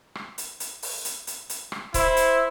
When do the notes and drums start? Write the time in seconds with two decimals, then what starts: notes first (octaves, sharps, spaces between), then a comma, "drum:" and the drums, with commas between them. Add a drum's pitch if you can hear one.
0.15 drum: rim click
0.38 drum: hi-hat
0.60 drum: hi-hat
0.82 drum: open hi-hat
1.05 drum: hi-hat
1.27 drum: hi-hat
1.50 drum: hi-hat
1.72 drum: rim click
1.94 E4 C5, drum: kick C#1, hi-hat
2.17 drum: hi-hat